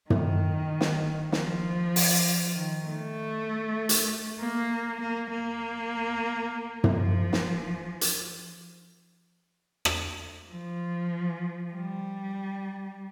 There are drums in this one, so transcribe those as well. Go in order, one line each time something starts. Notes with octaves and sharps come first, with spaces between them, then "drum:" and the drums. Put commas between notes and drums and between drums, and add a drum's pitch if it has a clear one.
D#3, drum: tom
drum: snare
F3, drum: snare
drum: open hi-hat
D#3
A3
drum: hi-hat
A#3
A#3
A#3
F3, drum: tom
drum: snare
drum: hi-hat
drum: rim click
F3
G3